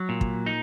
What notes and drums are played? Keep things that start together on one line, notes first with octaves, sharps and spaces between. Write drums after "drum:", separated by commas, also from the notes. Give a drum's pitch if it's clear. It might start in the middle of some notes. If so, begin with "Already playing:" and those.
Already playing: F#3
A#2
drum: kick
D#4